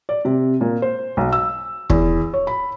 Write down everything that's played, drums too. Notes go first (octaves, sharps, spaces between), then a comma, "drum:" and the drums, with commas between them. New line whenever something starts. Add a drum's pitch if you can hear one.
D5
C3
A#2
C5
B1
E6
E2, drum: kick
C#5
B5